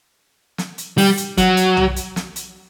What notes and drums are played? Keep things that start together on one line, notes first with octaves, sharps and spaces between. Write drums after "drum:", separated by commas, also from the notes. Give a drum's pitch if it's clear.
drum: snare
drum: hi-hat
G3, drum: open hi-hat
drum: hi-hat
F#3, drum: kick, hi-hat
drum: hi-hat
drum: tom B1
drum: hi-hat
drum: snare
drum: hi-hat